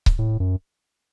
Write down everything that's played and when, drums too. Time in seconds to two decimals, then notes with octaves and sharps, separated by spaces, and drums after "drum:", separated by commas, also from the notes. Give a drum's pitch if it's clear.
0.06 drum: kick C#1
0.19 A2
0.40 F#2